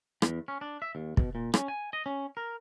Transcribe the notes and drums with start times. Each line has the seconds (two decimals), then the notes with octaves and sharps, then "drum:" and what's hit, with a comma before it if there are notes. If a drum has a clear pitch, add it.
0.22 E2, drum: rim click
0.48 C#4
0.61 D4
0.82 E5
0.95 D#2
1.17 B2, drum: kick
1.35 A#2
1.54 C#4, drum: rim click
1.68 G#5
1.93 D#5
2.06 C#4
2.37 A#4